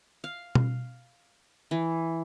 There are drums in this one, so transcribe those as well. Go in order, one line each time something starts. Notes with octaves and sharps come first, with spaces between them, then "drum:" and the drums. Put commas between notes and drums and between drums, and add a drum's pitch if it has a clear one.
F5
drum: tom B2
E3